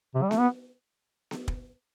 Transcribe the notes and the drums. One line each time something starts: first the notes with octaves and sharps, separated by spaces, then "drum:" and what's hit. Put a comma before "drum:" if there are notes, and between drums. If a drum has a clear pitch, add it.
C3
G3
A3, drum: snare B3
B3
drum: snare B3
drum: kick